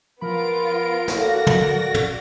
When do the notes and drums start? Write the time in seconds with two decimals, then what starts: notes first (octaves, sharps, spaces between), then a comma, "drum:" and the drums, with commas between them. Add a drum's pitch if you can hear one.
0.21 F3 B3 F4 A#4 B5 D7
1.08 drum: snare
1.18 F#4 A4 D5 F5 A#6
1.47 drum: tom
1.94 drum: tom